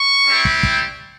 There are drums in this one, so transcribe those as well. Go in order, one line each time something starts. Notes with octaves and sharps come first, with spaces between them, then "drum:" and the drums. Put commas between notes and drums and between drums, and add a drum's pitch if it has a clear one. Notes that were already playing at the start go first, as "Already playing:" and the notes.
Already playing: C#6
G3 C4 E4 G4
drum: kick
drum: kick